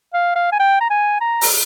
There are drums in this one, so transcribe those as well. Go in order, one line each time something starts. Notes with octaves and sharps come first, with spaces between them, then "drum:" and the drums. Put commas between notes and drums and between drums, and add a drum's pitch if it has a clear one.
F5
F5
G#5
G5
A#5
G#5
A#5
drum: open hi-hat